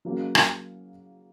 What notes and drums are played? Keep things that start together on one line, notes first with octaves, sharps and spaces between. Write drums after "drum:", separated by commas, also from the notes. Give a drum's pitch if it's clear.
C#3 F#3 A#3
drum: rim click